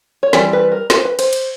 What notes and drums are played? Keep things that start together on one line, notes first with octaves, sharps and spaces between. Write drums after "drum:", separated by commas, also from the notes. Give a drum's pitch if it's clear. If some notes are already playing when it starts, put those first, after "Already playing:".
C#5
E3 G3 C4 D5, drum: snare
B4
A#4
B4, drum: snare
C5
B4
C5, drum: cymbal
drum: cymbal